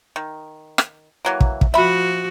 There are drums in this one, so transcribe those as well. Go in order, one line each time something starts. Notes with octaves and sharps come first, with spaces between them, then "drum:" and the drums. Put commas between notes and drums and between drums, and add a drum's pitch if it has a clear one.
D#3
drum: rim click
E3 F#3 A#3
drum: kick
drum: kick
F3 F#4 E5 B5